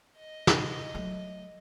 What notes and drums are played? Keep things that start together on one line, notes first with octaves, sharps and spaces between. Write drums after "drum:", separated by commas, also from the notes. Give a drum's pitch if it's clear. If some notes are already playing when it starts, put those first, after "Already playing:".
D#5
drum: snare
F#3 A3